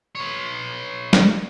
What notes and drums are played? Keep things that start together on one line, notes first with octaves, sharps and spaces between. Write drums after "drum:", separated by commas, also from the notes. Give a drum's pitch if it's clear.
B4 C#5
drum: snare